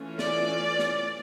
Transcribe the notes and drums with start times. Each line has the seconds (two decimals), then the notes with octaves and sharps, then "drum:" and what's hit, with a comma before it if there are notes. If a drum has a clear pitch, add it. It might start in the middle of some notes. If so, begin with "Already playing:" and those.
Already playing: E3 A3 C#4 F4
0.19 D5, drum: snare
0.79 drum: snare